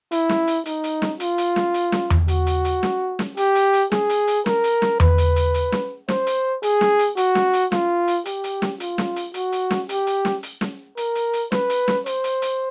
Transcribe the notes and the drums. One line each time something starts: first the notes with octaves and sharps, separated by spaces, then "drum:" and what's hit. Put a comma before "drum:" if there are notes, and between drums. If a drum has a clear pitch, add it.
E4, drum: hi-hat
drum: snare
drum: hi-hat
D#4, drum: hi-hat
drum: hi-hat
drum: snare
F4, drum: hi-hat
drum: hi-hat
drum: snare
drum: hi-hat
drum: snare
drum: tom E2
F#4, drum: hi-hat
drum: hi-hat
drum: hi-hat
drum: snare
drum: snare
G4, drum: hi-hat
drum: hi-hat
drum: hi-hat
G#4, drum: snare
drum: hi-hat
drum: hi-hat
A#4, drum: snare
drum: hi-hat
drum: snare
B4, drum: tom E2
drum: hi-hat
drum: hi-hat
drum: hi-hat
drum: snare
C5, drum: snare
drum: hi-hat
G#4, drum: hi-hat
drum: snare
drum: hi-hat
F#4, drum: hi-hat
drum: snare
drum: hi-hat
F4, drum: snare
drum: hi-hat
G4, drum: hi-hat
drum: hi-hat
drum: snare
F4, drum: hi-hat
drum: snare
drum: hi-hat
F#4, drum: hi-hat
drum: hi-hat
drum: snare
G4, drum: hi-hat
drum: hi-hat
drum: snare
drum: hi-hat
drum: snare
A#4, drum: hi-hat
drum: hi-hat
drum: hi-hat
B4, drum: snare
drum: hi-hat
drum: snare
C5, drum: hi-hat
drum: hi-hat
drum: hi-hat